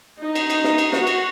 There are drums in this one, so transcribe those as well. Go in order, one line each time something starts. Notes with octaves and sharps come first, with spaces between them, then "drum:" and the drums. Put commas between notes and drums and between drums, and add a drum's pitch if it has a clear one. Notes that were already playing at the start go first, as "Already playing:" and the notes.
D#4
drum: cymbal
drum: cymbal
drum: snare
drum: cymbal
F#4, drum: snare
drum: cymbal